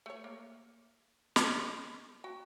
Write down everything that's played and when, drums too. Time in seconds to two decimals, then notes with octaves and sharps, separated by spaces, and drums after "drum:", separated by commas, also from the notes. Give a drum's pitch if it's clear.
0.06 A3 C#5
0.24 A#3
1.36 A#3 D4, drum: snare
2.24 F#4 G5